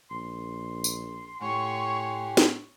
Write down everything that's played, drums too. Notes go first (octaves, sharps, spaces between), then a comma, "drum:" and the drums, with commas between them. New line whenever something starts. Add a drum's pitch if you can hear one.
A#1 C6
drum: tambourine
A2 G4 C#5 F#5 G#5 C#6
drum: snare